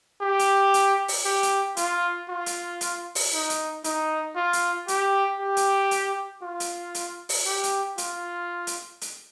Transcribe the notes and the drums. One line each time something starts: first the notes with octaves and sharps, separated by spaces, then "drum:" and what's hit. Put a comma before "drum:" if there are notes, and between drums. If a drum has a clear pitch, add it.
G4
drum: hi-hat
drum: hi-hat
drum: open hi-hat
G4
drum: hi-hat
F4, drum: hi-hat
F4
drum: hi-hat
drum: hi-hat
drum: open hi-hat
D#4
drum: hi-hat
D#4, drum: hi-hat
F4
drum: hi-hat
G4, drum: hi-hat
G4
drum: hi-hat
drum: hi-hat
F4
drum: hi-hat
drum: hi-hat
drum: open hi-hat
G4
drum: hi-hat
F4, drum: hi-hat
drum: hi-hat
drum: hi-hat